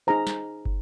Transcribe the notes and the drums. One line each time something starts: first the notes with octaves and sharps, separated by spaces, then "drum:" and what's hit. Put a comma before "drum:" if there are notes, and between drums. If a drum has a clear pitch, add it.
D#4 G#4 C5 A#5
drum: snare
drum: kick